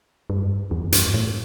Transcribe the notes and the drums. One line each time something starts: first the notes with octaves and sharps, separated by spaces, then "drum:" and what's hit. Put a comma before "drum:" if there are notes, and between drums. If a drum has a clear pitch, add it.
G2
E2
G2, drum: hi-hat
A2